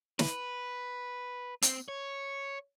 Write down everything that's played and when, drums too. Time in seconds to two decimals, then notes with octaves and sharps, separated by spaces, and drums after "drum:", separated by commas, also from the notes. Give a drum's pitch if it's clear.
0.19 B4, drum: snare
1.62 C4, drum: hi-hat
1.88 C#5